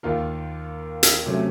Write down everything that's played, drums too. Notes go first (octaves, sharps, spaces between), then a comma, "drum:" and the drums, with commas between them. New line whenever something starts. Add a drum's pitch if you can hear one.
D#2 D#3 A#3 F4 A#4
drum: hi-hat
C3 F#3 A3 C#4